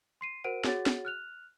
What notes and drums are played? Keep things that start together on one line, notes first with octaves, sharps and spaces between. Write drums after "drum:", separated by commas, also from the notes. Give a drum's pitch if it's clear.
C6 C7 D#7
F#4 A#4 C5 F#5 D7 D#7
F#4 G#4 C#5 F#5 A6, drum: snare
drum: snare
F6 F#6 F7